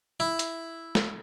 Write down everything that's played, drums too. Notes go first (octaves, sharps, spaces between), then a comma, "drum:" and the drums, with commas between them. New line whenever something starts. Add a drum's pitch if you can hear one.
E4
drum: hi-hat
drum: snare